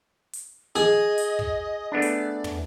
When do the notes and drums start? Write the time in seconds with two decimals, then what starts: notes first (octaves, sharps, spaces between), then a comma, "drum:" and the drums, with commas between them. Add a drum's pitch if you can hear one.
0.33 drum: hi-hat
0.76 G#4 D#5
1.18 drum: hi-hat
1.39 drum: kick
1.92 A3 B3 D4 D5
2.02 drum: hi-hat
2.44 drum: tom